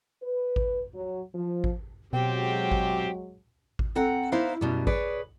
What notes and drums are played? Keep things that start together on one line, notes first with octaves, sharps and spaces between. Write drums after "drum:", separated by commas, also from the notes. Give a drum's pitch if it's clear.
B4
drum: kick G#1
F#3
F3
drum: kick G#1
B2 F#3 G#3 C4 G4 G5
drum: kick G#1
drum: kick G#1
C4 A4 F#5 A#5
A#3 B3 D#4 E4 C5 F5
F#2 B2 G3
G#4 B4 C#5 D5, drum: kick G#1